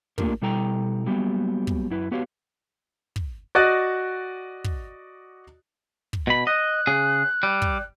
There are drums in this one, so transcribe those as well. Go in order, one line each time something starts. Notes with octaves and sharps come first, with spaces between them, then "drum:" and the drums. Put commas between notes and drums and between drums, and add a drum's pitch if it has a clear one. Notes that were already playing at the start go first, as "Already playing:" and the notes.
A3 A#3 D4 F4 G4 A#4, drum: kick
B2 G3 E4 A4 G5 A#5
F#3 G3 A#3 B3 G4
drum: kick
F#2 E4 B4
B3 F#4 G4 B4 C#5 F5
drum: kick
F#4 D5 D#5 F#6 A6
drum: kick
drum: kick
B2 B5
D#5 F#6
C#3 G#4
G3
drum: kick